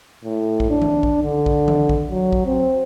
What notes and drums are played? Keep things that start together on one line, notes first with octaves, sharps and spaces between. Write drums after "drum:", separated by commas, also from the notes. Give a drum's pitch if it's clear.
A2
drum: kick
D4
drum: tom D#3
drum: kick
D3
drum: kick
drum: tom D#3
drum: kick
F#3
drum: kick
C4